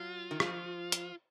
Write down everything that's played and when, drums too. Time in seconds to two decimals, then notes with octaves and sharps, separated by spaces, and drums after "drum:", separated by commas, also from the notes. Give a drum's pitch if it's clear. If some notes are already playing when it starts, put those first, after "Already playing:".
Already playing: F#3 F4
0.31 D#3
0.40 F3, drum: rim click
0.92 drum: hi-hat